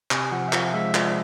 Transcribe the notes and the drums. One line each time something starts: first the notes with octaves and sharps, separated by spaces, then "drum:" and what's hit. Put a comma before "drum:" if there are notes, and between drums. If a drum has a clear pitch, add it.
C3 G#5, drum: clap
F3 F#5
E5
F3 F5, drum: clap
G#3 E5
F3 D5, drum: clap